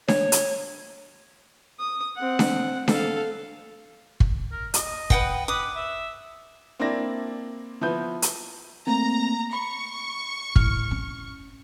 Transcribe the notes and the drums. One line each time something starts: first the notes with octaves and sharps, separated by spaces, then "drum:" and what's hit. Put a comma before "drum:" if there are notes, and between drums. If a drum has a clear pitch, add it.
C#5, drum: snare D4
drum: hi-hat
D#6
C4 F#5
drum: snare D4
A4 F5, drum: snare D4
drum: kick
A#4
D#5, drum: hi-hat
B4 F#5 G5, drum: kick
B4 D6 D#6
E5
A#3 C4 D4 E4 D5 A#6
F3 B3 E4 B4 G6
drum: hi-hat
A3 A#3 C4 A#5
B5 C#6
A2 F6, drum: kick
C#4